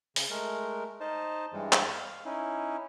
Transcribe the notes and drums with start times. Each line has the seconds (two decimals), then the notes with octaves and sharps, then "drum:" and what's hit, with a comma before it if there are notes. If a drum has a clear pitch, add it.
0.16 C#3, drum: open hi-hat
0.30 G#3 A3 A#4
1.00 D#4 C5 D#5 A5
1.53 G2 E3 G3 G#3
1.72 drum: clap
1.92 F5
2.25 C#4 D#4 E4